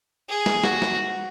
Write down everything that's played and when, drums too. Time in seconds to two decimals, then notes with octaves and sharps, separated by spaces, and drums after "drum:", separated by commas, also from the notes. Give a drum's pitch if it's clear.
0.29 G#4
0.46 drum: snare
0.64 F#4, drum: snare
0.82 drum: snare